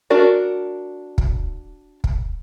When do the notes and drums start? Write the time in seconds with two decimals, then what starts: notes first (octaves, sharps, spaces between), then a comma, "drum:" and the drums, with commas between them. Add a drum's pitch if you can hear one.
0.10 D4 F#4 A#4 D5
1.18 drum: kick
2.04 drum: kick